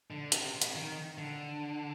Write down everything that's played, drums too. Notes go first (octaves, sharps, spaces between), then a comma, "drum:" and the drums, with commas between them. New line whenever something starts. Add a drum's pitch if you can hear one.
D3
C3, drum: hi-hat
drum: hi-hat
D#3
D3